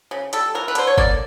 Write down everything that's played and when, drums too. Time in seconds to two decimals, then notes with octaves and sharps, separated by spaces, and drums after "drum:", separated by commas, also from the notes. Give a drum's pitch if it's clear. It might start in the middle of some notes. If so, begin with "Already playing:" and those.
0.11 C#3
0.33 G3 A4, drum: hi-hat
0.55 E3 A#4
0.68 B4
0.75 D3 C5, drum: hi-hat
0.87 C#5
0.98 A#3 D5, drum: kick